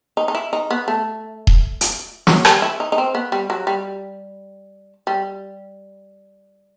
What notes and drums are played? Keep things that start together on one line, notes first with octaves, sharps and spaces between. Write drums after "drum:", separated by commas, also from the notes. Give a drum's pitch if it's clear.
D#4
D#4
E4
D#4
B3
A3
drum: kick D#1
drum: hi-hat
F#3, drum: snare
G3, drum: rim click
E4
D#4
D#4
C4
B3
G3
F#3
G3
G3